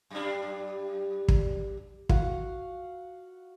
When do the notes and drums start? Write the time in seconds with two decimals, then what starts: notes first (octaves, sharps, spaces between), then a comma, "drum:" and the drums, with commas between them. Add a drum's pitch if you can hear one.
0.10 F#2 G3 D4
1.28 drum: kick
2.09 F#4 F5 F#5, drum: kick